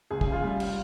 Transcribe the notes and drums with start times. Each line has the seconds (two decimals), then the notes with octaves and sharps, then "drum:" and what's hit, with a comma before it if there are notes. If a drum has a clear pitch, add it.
0.11 C#2 G#4
0.21 G#4, drum: kick
0.27 C#3
0.32 F4
0.44 G3
0.60 drum: cymbal